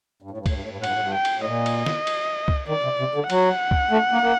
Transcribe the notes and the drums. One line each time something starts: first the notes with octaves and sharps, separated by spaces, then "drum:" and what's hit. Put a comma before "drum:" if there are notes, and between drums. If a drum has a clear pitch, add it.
G2
A2
G2
A2, drum: kick, cymbal
G2
A2
G2
A2
G2 F#5, drum: cymbal
A2
G2
G5
drum: cymbal
A2
A#2 D#5
drum: cymbal
drum: snare
drum: cymbal
drum: kick
D#3 D5
C3
C3
D3
F#3 F#5, drum: cymbal
drum: kick
A3
A#3
A#3